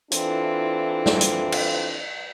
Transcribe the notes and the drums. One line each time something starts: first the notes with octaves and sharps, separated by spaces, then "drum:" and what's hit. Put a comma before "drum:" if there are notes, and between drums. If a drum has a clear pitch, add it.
E3 C4 D4 E4 F4 A4, drum: hi-hat
drum: snare
drum: hi-hat
drum: cymbal